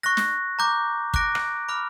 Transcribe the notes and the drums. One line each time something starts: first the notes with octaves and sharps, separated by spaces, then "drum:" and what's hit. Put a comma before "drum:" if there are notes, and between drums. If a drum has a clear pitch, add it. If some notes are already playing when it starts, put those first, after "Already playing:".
C#6 F#6 A#6
drum: snare
A#5 D6 G6
D6 F#6 A#6 D7, drum: kick
drum: rim click
B5 D6 F6